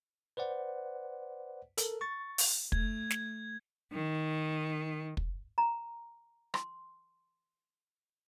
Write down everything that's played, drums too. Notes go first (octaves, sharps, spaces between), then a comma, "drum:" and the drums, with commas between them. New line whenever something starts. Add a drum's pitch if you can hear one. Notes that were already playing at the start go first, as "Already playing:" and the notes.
B4 C5 D5 F#5
A4 A#4, drum: hi-hat
C#6 A6
drum: open hi-hat
A3 G#6, drum: kick
drum: snare
D#3
drum: kick
A#5
C6, drum: rim click